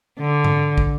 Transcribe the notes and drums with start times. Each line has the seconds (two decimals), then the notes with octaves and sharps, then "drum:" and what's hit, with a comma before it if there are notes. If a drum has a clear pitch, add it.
0.19 D3
0.44 drum: tom G#2
0.78 drum: kick